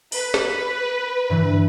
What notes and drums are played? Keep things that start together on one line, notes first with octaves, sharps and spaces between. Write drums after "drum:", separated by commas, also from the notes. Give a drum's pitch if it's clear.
B4, drum: open hi-hat
drum: snare
G2 E3